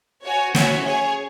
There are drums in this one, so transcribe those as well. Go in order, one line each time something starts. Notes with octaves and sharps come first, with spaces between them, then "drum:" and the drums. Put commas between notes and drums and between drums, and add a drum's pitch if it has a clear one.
F#4 C#5 G#5
C#4 F#4 C#5 E5, drum: snare
G#4 C#5 G#5